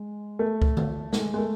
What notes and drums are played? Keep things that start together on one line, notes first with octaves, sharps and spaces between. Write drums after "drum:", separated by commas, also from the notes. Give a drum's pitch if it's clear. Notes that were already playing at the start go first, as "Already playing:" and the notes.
Already playing: G#3
A3
drum: kick C#2
drum: tom D3
A3, drum: snare
G#3
G#3
A3